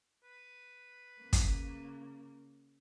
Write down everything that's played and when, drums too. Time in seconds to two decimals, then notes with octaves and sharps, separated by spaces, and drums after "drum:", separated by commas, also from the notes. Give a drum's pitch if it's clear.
0.24 B4
1.21 C#3 A#3
1.33 drum: kick, hi-hat